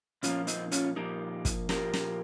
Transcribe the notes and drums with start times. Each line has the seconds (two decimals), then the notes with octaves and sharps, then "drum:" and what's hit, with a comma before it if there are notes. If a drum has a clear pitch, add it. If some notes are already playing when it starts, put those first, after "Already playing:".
0.23 A#2 F3 A#3 C#4 F4, drum: hi-hat
0.47 C4 D#4, drum: hi-hat
0.72 C#4 F4, drum: hi-hat
0.96 A#2 F3 A#3 D#4 G4
1.45 drum: kick, hi-hat
1.69 A#2 F3 A#3 G4 A#4, drum: snare
1.93 drum: snare